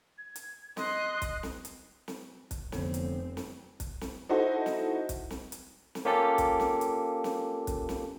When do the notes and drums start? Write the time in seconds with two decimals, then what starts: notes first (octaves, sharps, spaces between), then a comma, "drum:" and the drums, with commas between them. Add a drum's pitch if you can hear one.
0.18 G#6
0.36 drum: hi-hat
0.77 D#5 C6 F#6, drum: snare
1.22 drum: kick, hi-hat
1.43 drum: snare
1.65 drum: hi-hat
2.08 drum: snare
2.51 drum: kick, hi-hat
2.72 F1 D3 B3 C4 C#5, drum: snare
2.94 drum: hi-hat
3.37 drum: snare
3.80 drum: kick, hi-hat
4.01 drum: snare
4.29 D#4 E4 F#4 A4 C5
4.66 drum: snare
5.09 drum: kick, hi-hat
5.30 drum: snare
5.52 drum: hi-hat
5.95 drum: snare
6.05 A#3 C#4 F4 G4 A4
6.38 drum: kick, hi-hat
6.60 drum: snare
6.81 drum: hi-hat
7.24 drum: snare
7.67 drum: kick, hi-hat
7.89 drum: snare